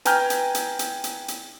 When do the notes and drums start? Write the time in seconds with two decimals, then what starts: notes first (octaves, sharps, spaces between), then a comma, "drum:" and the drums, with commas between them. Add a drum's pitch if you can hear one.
0.05 B4 G5 G#5 A#5 F6 G6, drum: hi-hat
0.30 drum: hi-hat
0.55 drum: hi-hat
0.79 drum: hi-hat
1.04 drum: hi-hat
1.28 drum: hi-hat